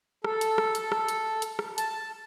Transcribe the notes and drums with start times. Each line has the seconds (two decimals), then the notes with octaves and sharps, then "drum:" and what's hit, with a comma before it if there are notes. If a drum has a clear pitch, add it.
0.24 A4, drum: rim click
0.41 drum: hi-hat
0.58 drum: rim click
0.75 drum: hi-hat
0.92 drum: rim click
1.08 drum: hi-hat
1.42 drum: hi-hat
1.59 drum: rim click
1.78 A5, drum: hi-hat